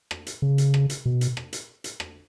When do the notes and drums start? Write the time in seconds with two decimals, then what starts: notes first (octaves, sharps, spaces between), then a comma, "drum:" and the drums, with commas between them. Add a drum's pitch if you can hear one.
0.11 drum: rim click
0.27 drum: hi-hat
0.42 C#3
0.58 drum: hi-hat
0.74 drum: rim click
0.90 drum: hi-hat
1.05 B2
1.21 drum: hi-hat
1.37 drum: rim click
1.53 drum: hi-hat
1.84 drum: hi-hat
2.00 drum: rim click